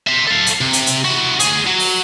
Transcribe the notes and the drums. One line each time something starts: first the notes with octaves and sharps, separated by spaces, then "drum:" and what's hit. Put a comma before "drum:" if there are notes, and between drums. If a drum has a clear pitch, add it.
C5 E5
A4 F5
drum: hi-hat
C3
drum: hi-hat
drum: hi-hat
E4 F#4
D2 G#4, drum: hi-hat
F#3
drum: open hi-hat